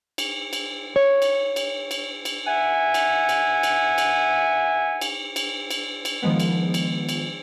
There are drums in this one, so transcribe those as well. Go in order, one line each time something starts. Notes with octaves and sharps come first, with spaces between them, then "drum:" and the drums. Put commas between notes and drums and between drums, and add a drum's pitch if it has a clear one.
drum: cymbal
drum: cymbal
C#5
drum: cymbal
drum: cymbal
drum: cymbal
drum: cymbal
E5 F#5 G#5
drum: cymbal
drum: cymbal
drum: cymbal
drum: cymbal
drum: cymbal
drum: cymbal
drum: cymbal
drum: cymbal
D#3 F3 G#3 B3
drum: cymbal
drum: cymbal
drum: cymbal